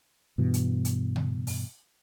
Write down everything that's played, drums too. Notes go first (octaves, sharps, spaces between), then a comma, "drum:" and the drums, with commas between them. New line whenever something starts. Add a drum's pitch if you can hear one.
G2 B2 E3
drum: hi-hat
drum: hi-hat
drum: tom
drum: open hi-hat